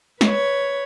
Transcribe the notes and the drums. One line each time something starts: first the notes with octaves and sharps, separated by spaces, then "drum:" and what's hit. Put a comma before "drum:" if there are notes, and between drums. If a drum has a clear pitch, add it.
B4 C#5, drum: snare